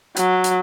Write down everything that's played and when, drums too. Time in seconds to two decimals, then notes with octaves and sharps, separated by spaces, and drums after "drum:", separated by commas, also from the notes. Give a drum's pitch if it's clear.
0.17 F#3, drum: hi-hat
0.44 drum: hi-hat